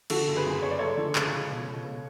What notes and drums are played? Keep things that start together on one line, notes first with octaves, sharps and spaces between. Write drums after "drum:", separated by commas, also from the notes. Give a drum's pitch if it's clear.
D3 F#4 A4, drum: cymbal
F#1
G#4 B4
F#2
F#1 C#5
D5
F#1 A4 C#5
D3
C#2, drum: clap
C#2
B2
C#2
B2